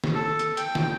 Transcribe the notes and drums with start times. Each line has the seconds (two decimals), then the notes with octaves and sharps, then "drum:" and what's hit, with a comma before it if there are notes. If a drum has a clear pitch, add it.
0.04 drum: snare
0.14 A4
0.39 drum: hi-hat
0.57 G5, drum: hi-hat
0.75 drum: snare